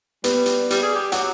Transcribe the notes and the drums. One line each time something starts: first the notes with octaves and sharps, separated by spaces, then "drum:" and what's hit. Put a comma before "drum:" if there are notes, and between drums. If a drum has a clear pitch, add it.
G3 B3, drum: hi-hat
drum: hi-hat
G3, drum: hi-hat
G#4
G4
F#3 F#5, drum: hi-hat